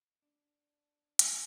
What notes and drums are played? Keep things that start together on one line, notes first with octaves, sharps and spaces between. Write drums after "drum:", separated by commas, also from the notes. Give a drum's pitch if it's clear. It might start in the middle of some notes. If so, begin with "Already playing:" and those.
D4
drum: hi-hat